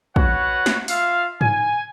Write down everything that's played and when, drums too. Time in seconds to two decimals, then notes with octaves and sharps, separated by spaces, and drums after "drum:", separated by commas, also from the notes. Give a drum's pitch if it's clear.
0.16 F#4 B4 C#5 F#5, drum: kick
0.66 drum: snare
0.88 F4 E5 F5, drum: open hi-hat
1.41 G#5, drum: tom G#2